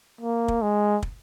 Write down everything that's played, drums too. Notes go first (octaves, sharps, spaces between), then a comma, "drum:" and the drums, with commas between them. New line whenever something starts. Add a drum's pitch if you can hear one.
A#3
drum: kick
G#3
drum: kick